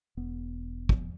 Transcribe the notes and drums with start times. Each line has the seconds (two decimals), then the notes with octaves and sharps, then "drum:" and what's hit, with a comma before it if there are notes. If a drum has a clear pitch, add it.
0.17 E1 B3
0.89 drum: kick